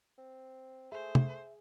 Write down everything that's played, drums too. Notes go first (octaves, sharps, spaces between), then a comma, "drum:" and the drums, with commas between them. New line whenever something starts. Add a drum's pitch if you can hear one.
C4
A3 G#4 C5 E5
drum: tom